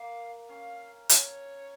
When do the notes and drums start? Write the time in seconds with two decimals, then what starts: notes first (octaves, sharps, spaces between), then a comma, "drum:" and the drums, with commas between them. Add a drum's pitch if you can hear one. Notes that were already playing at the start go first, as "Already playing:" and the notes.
Already playing: A#3 F5
0.49 C#4 F5
1.09 C#5, drum: hi-hat